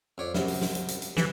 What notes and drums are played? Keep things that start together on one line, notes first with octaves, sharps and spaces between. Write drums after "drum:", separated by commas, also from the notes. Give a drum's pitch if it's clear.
F2 C#5 D5
C2 F#2, drum: snare
drum: open hi-hat
drum: snare
drum: hi-hat
drum: hi-hat
drum: hi-hat
E3, drum: snare